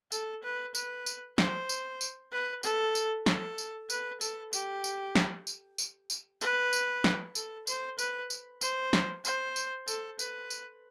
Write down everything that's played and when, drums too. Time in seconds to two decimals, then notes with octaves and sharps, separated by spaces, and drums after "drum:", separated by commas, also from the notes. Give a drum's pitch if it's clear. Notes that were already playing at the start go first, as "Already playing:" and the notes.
0.12 A4, drum: tambourine
0.43 B4
0.75 B4, drum: tambourine
1.06 drum: tambourine
1.38 C5, drum: snare
1.69 drum: tambourine
2.01 drum: tambourine
2.32 B4
2.63 A4, drum: tambourine
2.95 drum: tambourine
3.26 A4, drum: snare
3.58 drum: tambourine
3.90 B4, drum: tambourine
4.21 A4, drum: tambourine
4.53 G4, drum: tambourine
4.84 drum: tambourine
5.15 drum: snare
5.47 drum: tambourine
5.78 drum: tambourine
6.10 drum: tambourine
6.41 B4, drum: tambourine
6.73 drum: tambourine
7.04 drum: snare
7.35 A4, drum: tambourine
7.67 C5, drum: tambourine
7.99 B4, drum: tambourine
8.30 drum: tambourine
8.61 C5, drum: tambourine
8.93 drum: snare
9.25 C5, drum: tambourine
9.56 drum: tambourine
9.88 A4, drum: tambourine
10.19 B4, drum: tambourine
10.50 drum: tambourine